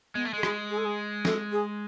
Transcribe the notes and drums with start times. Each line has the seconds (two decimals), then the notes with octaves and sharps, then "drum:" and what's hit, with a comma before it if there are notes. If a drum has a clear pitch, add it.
0.15 G#3 B3
0.25 A3
0.33 G#3 A4
0.43 G#4, drum: rim click
0.70 G#4
0.78 A4
0.85 G#4
1.25 A4, drum: snare
1.52 G#4